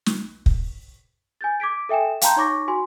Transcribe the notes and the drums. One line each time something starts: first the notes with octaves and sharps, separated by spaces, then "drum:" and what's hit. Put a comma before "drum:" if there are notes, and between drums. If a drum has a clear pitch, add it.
drum: snare
drum: kick
G#5 G6 A6
D6 G#6 B6 D7
A4 E5 G5 G#5 E7
F5 G5 A5 A#5 C6 G6, drum: hi-hat
D#4 C#5 C#6 D6 A#6
F#4 G#5 C6